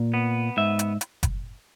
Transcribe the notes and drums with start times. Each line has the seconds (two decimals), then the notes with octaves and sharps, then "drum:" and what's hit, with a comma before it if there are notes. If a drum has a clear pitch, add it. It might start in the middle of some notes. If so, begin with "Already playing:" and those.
Already playing: A#2
0.14 B3
0.57 G#2 E5
0.79 drum: hi-hat
1.01 drum: hi-hat
1.23 drum: kick F#1, hi-hat